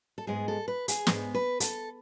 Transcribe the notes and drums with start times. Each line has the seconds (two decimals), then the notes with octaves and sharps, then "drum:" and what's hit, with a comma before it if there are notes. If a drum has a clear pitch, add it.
0.18 A4
0.27 G#2 G#3 B3 G#4
0.48 A4
0.68 B4
0.88 G#4, drum: hi-hat
1.07 G#2 G#3 B3, drum: snare
1.34 B4
1.60 A4, drum: hi-hat